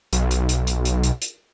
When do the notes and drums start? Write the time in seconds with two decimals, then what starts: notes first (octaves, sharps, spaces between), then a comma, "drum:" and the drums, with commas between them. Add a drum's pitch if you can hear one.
0.13 B1, drum: hi-hat
0.31 drum: hi-hat
0.49 drum: hi-hat
0.67 drum: hi-hat
0.85 drum: hi-hat
1.03 drum: hi-hat
1.22 drum: hi-hat